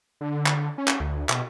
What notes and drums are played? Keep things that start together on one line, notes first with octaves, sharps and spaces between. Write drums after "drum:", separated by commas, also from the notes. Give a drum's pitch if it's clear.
D3
drum: clap
C#4
drum: clap
D2
B2, drum: clap